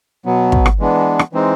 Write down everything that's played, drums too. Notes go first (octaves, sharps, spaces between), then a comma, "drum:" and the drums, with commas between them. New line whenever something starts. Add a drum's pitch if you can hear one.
B2 F#3 B3
drum: kick
drum: rim click
E3 G#3 B3 D4
drum: rim click
E3 G#3 C4 D#4